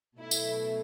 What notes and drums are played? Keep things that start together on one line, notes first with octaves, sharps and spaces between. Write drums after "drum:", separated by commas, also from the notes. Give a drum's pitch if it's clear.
B2 F#3 A3 E4
drum: tambourine